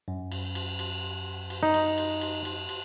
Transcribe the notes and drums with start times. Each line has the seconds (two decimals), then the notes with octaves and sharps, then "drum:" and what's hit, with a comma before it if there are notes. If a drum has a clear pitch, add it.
0.08 F#2
0.32 drum: cymbal
0.55 drum: cymbal
0.79 drum: cymbal
1.50 drum: cymbal
1.63 D#4
1.74 drum: cymbal
1.98 drum: cymbal
2.21 drum: cymbal
2.45 drum: cymbal
2.69 drum: cymbal